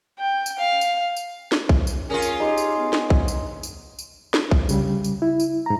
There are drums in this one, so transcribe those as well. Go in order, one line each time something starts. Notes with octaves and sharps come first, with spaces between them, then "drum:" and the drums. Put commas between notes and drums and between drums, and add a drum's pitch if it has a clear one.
G5
drum: tambourine
F5
drum: tambourine
drum: tambourine
drum: snare
drum: kick
drum: tambourine
C#4 F4 G#4 A#4
drum: tambourine
D#4 G4 C6
drum: tambourine
B3
drum: snare
drum: kick
drum: tambourine
drum: tambourine
drum: tambourine
drum: snare
drum: kick
C#3 G3, drum: tambourine
drum: tambourine
E4
drum: tambourine
G#2 A#5